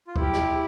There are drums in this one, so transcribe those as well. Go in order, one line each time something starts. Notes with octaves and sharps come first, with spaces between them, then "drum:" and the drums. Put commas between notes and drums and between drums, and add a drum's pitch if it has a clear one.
F4
E4 G4, drum: kick
drum: snare